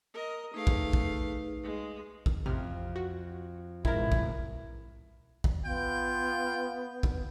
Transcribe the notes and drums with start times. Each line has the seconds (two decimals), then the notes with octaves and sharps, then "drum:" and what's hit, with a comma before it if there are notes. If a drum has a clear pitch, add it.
0.14 A#4 D#5
0.54 A3 D#4 G#4 B4 F5
0.67 drum: kick
0.93 drum: kick
1.63 G#3
2.26 drum: kick
2.46 A1 F2 C3 F6
2.96 F#4
3.85 A1 G#2 B2 D#3 E4 A#4, drum: kick
4.12 drum: kick
5.44 drum: kick
5.65 B3 F4 G5
7.03 drum: kick